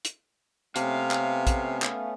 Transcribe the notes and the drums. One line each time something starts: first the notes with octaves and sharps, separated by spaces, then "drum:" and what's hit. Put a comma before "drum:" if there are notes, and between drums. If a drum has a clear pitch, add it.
drum: hi-hat
C3 A3 B3 C#4 F5, drum: hi-hat
drum: clap
drum: kick, hi-hat
drum: clap